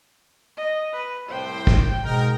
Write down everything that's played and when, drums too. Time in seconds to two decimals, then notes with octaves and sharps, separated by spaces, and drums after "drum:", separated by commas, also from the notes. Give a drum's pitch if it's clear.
0.57 D#5
0.93 B4
1.28 C2 A2 C5 G5
1.67 F#1, drum: kick
2.04 G#2 B2 D#4 A#4